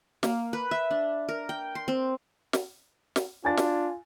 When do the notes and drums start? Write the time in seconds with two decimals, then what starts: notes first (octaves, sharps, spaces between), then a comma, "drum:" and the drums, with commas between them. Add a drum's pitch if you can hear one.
0.23 A#3, drum: snare
0.53 B4
0.71 E5
0.91 D4
1.29 A#4
1.49 G5
1.75 C6
1.88 C4
2.53 drum: snare
3.16 drum: snare
3.45 D4 F4 G#5 A6
3.57 drum: snare